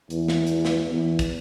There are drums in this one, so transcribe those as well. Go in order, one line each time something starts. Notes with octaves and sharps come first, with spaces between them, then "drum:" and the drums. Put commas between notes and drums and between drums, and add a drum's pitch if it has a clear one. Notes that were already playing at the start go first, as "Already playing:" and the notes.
E2, drum: hi-hat
drum: snare
drum: hi-hat
drum: snare
E2
drum: kick, hi-hat